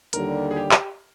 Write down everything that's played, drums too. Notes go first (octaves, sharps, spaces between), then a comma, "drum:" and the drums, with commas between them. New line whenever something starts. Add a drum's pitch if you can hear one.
D#2 D3 G3 A#4, drum: hi-hat
G#4
G4
drum: clap